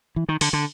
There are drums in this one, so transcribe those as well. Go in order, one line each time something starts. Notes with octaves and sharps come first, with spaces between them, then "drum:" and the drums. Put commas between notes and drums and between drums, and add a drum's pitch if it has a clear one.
E3
D#3
D3, drum: open hi-hat
D3